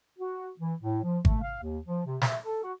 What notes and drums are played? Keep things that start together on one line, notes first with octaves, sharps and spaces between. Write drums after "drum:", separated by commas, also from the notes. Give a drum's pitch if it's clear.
F#4
E3
A2
F3
A3, drum: kick G#1
F5
D#2
F3
C3
E5, drum: snare
A4
F#4